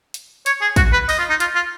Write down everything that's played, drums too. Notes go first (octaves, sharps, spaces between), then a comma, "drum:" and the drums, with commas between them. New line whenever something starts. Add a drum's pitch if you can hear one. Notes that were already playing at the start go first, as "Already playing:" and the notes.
drum: hi-hat
C#5, drum: hi-hat
G#4
F#4, drum: kick, hi-hat
B4
D#5, drum: open hi-hat
F4
D#4
F4, drum: hi-hat
F4